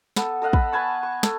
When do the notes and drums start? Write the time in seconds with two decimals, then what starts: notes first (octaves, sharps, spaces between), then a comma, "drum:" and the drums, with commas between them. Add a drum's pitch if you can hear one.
0.16 B3 A4, drum: snare
0.42 A4 D#5 F5 F#5
0.53 B5, drum: kick
0.72 B4 G#5 A5 C#6
1.03 C#6
1.23 A4, drum: snare